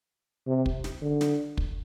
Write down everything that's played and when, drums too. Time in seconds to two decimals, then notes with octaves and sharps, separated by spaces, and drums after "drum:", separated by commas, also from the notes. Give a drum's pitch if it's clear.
0.47 C3
0.66 drum: kick
0.84 drum: snare
1.02 D3
1.21 drum: snare
1.57 drum: kick